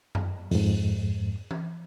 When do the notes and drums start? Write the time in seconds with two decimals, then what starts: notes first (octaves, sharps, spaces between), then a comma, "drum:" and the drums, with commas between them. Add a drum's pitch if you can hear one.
0.15 drum: tom F#2
0.51 F2 G#2, drum: open hi-hat
1.51 drum: tom E3